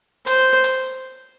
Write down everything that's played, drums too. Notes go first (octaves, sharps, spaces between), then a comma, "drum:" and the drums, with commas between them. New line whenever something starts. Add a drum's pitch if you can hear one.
C5, drum: hi-hat
drum: hi-hat